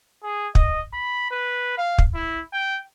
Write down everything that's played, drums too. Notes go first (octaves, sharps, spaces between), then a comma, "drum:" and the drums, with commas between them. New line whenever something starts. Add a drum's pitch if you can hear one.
G#4
D#5, drum: kick
B5
B4
F5
drum: kick
E4
G5